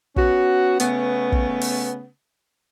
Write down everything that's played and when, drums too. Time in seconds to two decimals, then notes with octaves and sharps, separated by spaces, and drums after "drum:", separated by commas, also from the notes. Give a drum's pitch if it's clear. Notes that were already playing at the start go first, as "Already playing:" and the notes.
0.16 B3 C#4 F#4, drum: kick
0.80 C#3 A3 B3, drum: hi-hat
1.32 drum: kick
1.61 drum: open hi-hat